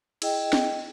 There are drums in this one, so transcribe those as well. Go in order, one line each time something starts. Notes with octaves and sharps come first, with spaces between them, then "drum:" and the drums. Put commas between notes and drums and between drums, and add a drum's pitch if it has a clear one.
E4 G#4 D#5 G5, drum: cymbal
drum: snare